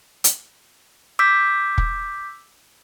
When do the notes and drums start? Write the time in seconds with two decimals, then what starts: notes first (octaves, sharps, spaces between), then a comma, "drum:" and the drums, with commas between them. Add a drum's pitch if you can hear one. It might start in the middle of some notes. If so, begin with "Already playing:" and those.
0.24 drum: hi-hat
1.19 D6 E6 G6 B6
1.78 drum: kick